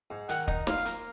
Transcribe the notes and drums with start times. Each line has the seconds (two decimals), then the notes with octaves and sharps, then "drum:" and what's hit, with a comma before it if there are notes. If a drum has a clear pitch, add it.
0.10 G#2
0.29 D#3 F#5, drum: hi-hat
0.48 D#4, drum: kick
0.67 F4 F5, drum: snare
0.85 A#3, drum: hi-hat